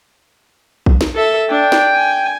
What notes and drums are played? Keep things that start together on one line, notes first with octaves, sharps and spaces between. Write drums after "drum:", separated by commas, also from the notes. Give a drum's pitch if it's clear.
drum: kick A#1
drum: snare
A4 E5
D4 G5
drum: snare
G#5